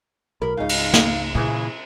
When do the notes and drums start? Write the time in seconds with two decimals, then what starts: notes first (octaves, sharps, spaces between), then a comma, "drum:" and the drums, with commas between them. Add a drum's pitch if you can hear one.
0.42 B1 A#4 B5
0.57 C#2 G#2 C#3 D#4 F5
0.69 drum: cymbal
0.94 drum: snare
1.35 A#2 C#3 E3 E4 G#4